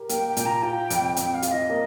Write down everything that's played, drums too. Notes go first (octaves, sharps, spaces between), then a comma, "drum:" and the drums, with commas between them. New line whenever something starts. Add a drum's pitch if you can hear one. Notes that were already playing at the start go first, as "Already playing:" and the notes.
Already playing: G4 A#4
A#3 G5, drum: hi-hat
G5
A#2, drum: hi-hat
A#5
F4 G5
F2, drum: hi-hat
C4 G5, drum: hi-hat
F5
F4, drum: hi-hat
D#5
A#3